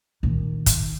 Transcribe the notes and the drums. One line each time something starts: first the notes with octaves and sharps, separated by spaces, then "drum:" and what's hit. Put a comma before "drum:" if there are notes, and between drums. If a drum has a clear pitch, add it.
A#2 D#3
drum: kick, hi-hat